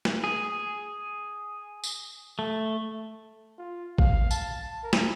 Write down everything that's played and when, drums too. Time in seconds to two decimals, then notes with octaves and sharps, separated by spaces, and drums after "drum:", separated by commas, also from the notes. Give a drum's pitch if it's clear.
0.05 drum: snare
0.24 G#4
1.84 drum: tambourine
2.39 A3
3.58 F4
3.98 F5, drum: kick A1
4.31 A5, drum: tambourine
4.83 A#4
4.93 drum: snare